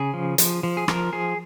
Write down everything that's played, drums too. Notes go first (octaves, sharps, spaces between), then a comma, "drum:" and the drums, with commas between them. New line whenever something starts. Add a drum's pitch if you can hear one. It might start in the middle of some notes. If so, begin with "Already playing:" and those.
Already playing: C#3 G#4
F3
F3, drum: hi-hat
F3
G#4
F3 A#4, drum: rim click
F3 G#4